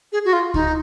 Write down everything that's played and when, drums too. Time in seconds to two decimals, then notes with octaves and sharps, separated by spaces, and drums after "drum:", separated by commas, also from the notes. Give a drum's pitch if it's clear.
0.12 G#4
0.25 F#4
0.33 F4
0.54 D#4, drum: kick C#2